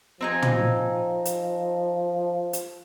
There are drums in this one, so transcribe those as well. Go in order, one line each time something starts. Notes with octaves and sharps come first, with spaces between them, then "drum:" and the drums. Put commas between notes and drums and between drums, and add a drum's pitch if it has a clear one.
F3 C4 D#4 G#5
drum: tom
drum: hi-hat
drum: hi-hat